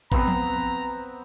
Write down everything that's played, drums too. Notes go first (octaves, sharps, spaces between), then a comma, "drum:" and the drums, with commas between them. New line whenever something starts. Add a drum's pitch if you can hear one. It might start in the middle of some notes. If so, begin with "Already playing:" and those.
B3 C4 B4 A#5, drum: kick
drum: tom F3